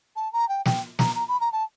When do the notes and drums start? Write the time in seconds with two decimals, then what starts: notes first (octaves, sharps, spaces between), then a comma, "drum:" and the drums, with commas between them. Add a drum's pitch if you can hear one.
0.16 A5
0.33 A#5
0.49 G5
0.65 G5, drum: snare
0.99 A#5, drum: snare
1.15 A#5
1.28 B5
1.40 A#5
1.52 A5